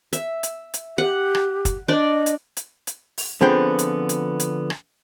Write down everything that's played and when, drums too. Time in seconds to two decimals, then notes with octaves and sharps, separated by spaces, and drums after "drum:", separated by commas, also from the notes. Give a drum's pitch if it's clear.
0.13 E5, drum: hi-hat
0.43 drum: hi-hat
0.74 drum: hi-hat
0.98 G4 F#5
1.35 drum: rim click
1.65 drum: kick, hi-hat
1.88 D4 D5 D#5
2.26 drum: hi-hat
2.57 drum: hi-hat
2.87 drum: hi-hat
3.18 drum: open hi-hat
3.41 D3 F3 B3 C4 G#4 G5
3.79 drum: hi-hat
4.09 drum: hi-hat
4.40 drum: hi-hat
4.70 drum: rim click